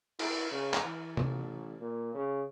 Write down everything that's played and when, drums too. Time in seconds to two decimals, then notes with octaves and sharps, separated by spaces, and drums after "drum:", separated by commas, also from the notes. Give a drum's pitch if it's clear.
0.19 E4, drum: cymbal
0.51 C#3
0.73 drum: clap
0.84 E3
1.17 A1, drum: tom C3
1.80 A#2
2.14 C#3